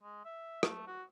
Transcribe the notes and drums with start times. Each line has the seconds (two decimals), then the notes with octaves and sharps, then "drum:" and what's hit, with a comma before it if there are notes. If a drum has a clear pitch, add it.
0.03 G#3
0.25 E5
0.63 A3, drum: rim click
0.87 F#4